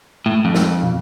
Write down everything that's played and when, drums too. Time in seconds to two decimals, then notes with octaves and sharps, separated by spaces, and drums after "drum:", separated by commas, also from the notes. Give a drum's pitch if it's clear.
0.26 A2
0.45 F2
0.55 drum: snare
0.83 drum: tom